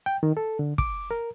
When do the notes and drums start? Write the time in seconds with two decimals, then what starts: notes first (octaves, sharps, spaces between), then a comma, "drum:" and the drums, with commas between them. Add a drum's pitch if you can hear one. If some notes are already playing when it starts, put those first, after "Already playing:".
0.06 G5
0.23 D#3
0.37 A4
0.59 D3
0.78 D6, drum: kick
1.11 A#4